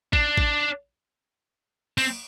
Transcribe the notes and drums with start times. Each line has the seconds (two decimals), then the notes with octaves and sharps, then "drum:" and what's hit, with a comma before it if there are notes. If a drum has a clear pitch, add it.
0.13 D4, drum: kick A1
0.38 drum: kick A1
1.98 C4, drum: cymbal